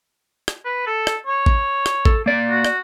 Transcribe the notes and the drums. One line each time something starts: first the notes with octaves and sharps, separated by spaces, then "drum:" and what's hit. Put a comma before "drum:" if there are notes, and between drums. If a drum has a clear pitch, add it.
drum: rim click
B4
A4
drum: rim click
C#5
drum: kick A1
drum: rim click
A4, drum: kick A1
A#3 D5
F#4
drum: rim click